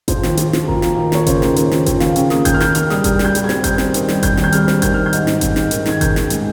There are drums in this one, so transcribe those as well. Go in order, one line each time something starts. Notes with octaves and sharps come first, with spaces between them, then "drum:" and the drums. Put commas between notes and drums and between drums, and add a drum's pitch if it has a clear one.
F3 C5, drum: kick G1, hi-hat
D#2, drum: snare
F3, drum: hi-hat
F3, drum: snare
A#3 A#4, drum: kick G1
A#3, drum: snare
D#2
A#3 C#5, drum: snare
C#3 C5, drum: kick G1, hi-hat
D#2, drum: snare
D#2 C5, drum: hi-hat
F3, drum: snare
D#2 C5, drum: kick G1, hi-hat
C#3 F5, drum: snare
C#3 G5, drum: hi-hat
A#3 D#6, drum: snare
D#2 G6, drum: kick G1, hi-hat
F6
D#2 G6, drum: snare
D#3 F6, drum: hi-hat
G3 D#6, drum: snare
G3 F6, drum: kick G1, hi-hat
G3, drum: snare
G6
G3, drum: hi-hat
G#6
C4, drum: snare
C4 G6, drum: kick G1, hi-hat
C4, drum: snare
D#3, drum: hi-hat
G3, drum: snare
C4 G6, drum: kick G1, hi-hat
D#2, drum: snare
G6
G3 F6, drum: hi-hat
C4, drum: snare
D#3 G6, drum: kick G1, hi-hat
D#3 F6
G6
G#2, drum: hi-hat
G#2, drum: snare
G#2, drum: kick G1, hi-hat
G#2, drum: snare
D#3, drum: hi-hat
D#3 G#6, drum: snare
D#3 G6, drum: kick G1, hi-hat
D#3, drum: snare
G#3, drum: hi-hat